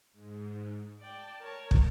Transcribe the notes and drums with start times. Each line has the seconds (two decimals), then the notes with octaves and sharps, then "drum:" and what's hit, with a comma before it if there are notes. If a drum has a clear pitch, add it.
0.13 G#2
1.00 D5 G5 A5
1.40 A#4 C#5
1.71 drum: kick